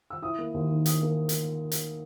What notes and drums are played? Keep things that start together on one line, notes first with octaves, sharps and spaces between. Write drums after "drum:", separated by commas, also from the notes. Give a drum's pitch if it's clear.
E6
E4 D#6
A#3
D#2
D#3
E4 D#6, drum: hi-hat
A#3
drum: hi-hat
drum: hi-hat